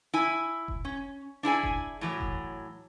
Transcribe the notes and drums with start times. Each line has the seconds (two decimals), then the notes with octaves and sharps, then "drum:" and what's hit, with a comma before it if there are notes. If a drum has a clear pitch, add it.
0.14 E4 G#5
0.68 drum: kick F1
0.85 C#4
1.43 D4 E4 G#4 G#5
1.63 drum: kick F1
2.01 A2 E3 F#3
2.20 drum: kick F1